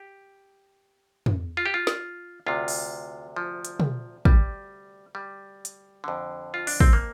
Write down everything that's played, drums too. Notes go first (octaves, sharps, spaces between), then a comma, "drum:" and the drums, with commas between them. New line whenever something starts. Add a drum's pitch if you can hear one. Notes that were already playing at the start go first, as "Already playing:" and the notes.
Already playing: G4
drum: tom
F4
G4
F4
drum: snare
D2 C3 F4
drum: open hi-hat
F3
drum: hi-hat
drum: tom
G3, drum: kick
G3
drum: hi-hat
F2 D3
F4
D4, drum: open hi-hat
C4, drum: kick
A#3